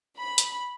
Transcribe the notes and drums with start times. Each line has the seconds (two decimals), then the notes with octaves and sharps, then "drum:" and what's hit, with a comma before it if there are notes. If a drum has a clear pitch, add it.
0.18 B5
0.38 drum: hi-hat